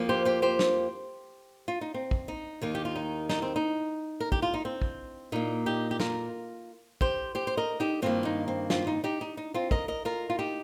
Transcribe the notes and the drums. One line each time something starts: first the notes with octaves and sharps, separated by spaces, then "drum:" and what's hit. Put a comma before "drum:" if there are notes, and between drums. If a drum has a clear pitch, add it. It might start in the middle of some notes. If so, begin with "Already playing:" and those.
Already playing: F2 F3 A#3
G4 C5
G4 C5
G4 C5
drum: snare
F4
D#4
C4
drum: kick
D#4
D#2 D#3 A#3
G4
F4
D#4
D#4, drum: snare
C4
D#4
A#4
G4, drum: kick
F4
D#4
C4
drum: kick
A#2 A#3 D#4
D#4 G4
G4
F4 A#4, drum: snare
G4 C5, drum: kick
G4 C5
C5
A#4 D#5
D#4 G4
G2 D#3 A#3 C4 F4
D#4
C4
C4 F4, drum: snare
D#4
D#4 G4
D#4
D#4
C4 F4
A#4 D#5, drum: kick
A#4 D#5
F4 A#4
F4
D#4 G4